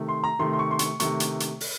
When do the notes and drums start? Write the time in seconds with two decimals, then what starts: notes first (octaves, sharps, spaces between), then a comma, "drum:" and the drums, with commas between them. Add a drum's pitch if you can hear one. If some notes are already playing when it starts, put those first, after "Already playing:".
Already playing: C3 D#3 A3
0.09 C6
0.24 A#5
0.39 C3 D#3 A3 C6
0.53 C6
0.59 C#6
0.71 C6
0.79 C#6, drum: hi-hat
1.00 C3 D#3 A3 C#6, drum: hi-hat
1.20 drum: hi-hat
1.40 drum: hi-hat
1.61 drum: open hi-hat